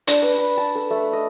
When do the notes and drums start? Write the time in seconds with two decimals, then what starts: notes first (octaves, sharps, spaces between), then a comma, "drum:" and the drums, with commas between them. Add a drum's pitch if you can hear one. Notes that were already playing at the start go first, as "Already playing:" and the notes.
0.07 D4, drum: hi-hat
0.22 B4
0.38 B5
0.57 A5
0.75 A4
0.91 A3
1.13 D#5